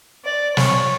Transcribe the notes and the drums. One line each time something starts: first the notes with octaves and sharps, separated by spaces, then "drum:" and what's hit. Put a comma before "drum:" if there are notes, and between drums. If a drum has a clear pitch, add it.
D5
C#5, drum: snare